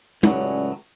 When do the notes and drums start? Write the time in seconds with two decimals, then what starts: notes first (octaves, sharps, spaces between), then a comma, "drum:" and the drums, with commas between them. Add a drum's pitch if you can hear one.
0.23 C#2 A2 F#3 C#4 G4 D5, drum: tom